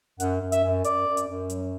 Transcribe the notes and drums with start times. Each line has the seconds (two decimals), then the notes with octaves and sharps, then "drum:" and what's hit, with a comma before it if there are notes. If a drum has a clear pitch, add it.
0.20 F#2 F#5, drum: hi-hat
0.41 F#2
0.52 E5, drum: hi-hat
0.63 F#2
0.84 F#2 D5, drum: hi-hat
1.06 F#2
1.17 drum: hi-hat
1.28 F#2
1.50 F#3, drum: hi-hat